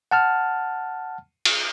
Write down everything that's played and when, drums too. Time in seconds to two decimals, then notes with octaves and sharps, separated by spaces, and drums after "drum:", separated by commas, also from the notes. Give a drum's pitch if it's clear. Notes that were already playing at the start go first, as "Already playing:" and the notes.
0.11 F#5 A5 F6
1.45 drum: cymbal